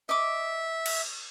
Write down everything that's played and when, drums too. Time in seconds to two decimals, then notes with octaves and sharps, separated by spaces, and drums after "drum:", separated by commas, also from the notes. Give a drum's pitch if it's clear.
0.09 D#5 E5 D6
0.86 drum: cymbal